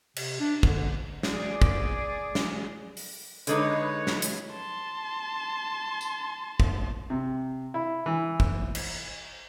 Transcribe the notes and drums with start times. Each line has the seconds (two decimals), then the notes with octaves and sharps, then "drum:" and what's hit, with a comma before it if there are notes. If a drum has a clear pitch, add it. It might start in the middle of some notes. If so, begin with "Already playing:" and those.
0.16 C3, drum: cymbal
0.40 D4
0.63 D3, drum: kick
1.23 G#4 D5, drum: snare
1.62 drum: kick
2.35 drum: snare
2.97 drum: open hi-hat
3.47 D3 G#3 D#4 B4 C#5, drum: hi-hat
4.07 drum: snare
4.22 drum: hi-hat
4.53 A5 C6
6.01 drum: tambourine
6.60 drum: kick
7.10 C3
7.74 E4
8.06 E3
8.40 drum: kick
8.75 drum: cymbal